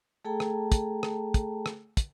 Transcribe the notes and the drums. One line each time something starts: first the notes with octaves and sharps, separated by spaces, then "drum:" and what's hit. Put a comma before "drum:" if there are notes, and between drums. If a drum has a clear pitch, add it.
A3 G#4 A4 G5 A5 A#5
drum: rim click
drum: kick, hi-hat
drum: rim click
drum: kick, hi-hat
drum: rim click
drum: kick, hi-hat